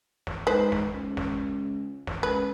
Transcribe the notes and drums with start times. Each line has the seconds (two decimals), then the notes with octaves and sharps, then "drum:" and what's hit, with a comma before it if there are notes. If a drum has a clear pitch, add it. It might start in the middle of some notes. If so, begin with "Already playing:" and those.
0.27 drum: snare
0.47 G#2 B4 C5
0.72 drum: snare
0.95 C#2
1.17 drum: snare
2.07 drum: snare
2.23 C#2 B4